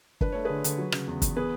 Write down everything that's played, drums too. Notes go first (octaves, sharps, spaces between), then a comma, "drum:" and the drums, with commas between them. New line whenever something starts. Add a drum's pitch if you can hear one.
D4 B4, drum: kick
A3 C#5
D3 G#4 B4
D3, drum: hi-hat
F#3
C#3, drum: rim click
E2
E2, drum: kick, hi-hat
B3 G#4 B4